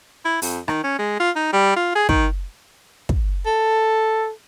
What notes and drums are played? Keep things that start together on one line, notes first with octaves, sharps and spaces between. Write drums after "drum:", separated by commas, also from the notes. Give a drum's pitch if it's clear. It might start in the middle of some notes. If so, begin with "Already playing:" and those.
E4
F2, drum: open hi-hat
D#3, drum: rim click
C#4
G#3
F4
D#4
G3
F4
G#4
D#3, drum: kick
drum: kick
A4